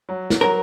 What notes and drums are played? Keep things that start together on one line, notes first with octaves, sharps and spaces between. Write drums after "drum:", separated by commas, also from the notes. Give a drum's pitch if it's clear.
F#3
drum: snare
F#3 A#4